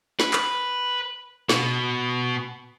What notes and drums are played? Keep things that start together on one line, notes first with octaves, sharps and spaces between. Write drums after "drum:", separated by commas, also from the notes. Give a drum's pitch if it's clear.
B4, drum: snare
drum: clap
B2, drum: snare